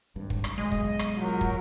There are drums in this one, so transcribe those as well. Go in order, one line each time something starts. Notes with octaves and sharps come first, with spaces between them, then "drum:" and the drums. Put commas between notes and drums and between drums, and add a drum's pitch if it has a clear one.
G#1 G2
drum: kick
drum: rim click
B1 G#3 D#5
drum: kick
drum: rim click
F#3 F4 G4 A#4
drum: kick